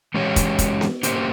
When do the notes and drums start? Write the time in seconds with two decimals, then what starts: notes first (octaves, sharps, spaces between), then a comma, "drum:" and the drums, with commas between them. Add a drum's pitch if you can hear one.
0.14 E3 G#3 C#4 G4 C#5
0.36 drum: kick, hi-hat
0.59 drum: kick, hi-hat
0.81 drum: snare B3
1.03 A#3 C#4 G4 C5, drum: hi-hat